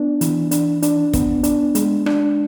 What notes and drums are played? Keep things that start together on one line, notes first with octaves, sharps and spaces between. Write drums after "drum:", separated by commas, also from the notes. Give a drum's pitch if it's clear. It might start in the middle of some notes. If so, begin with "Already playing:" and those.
Already playing: B3 D4
E3, drum: hi-hat
D4, drum: hi-hat
D4, drum: hi-hat
B3, drum: kick, hi-hat
D4, drum: hi-hat
G#3, drum: hi-hat
D4, drum: rim click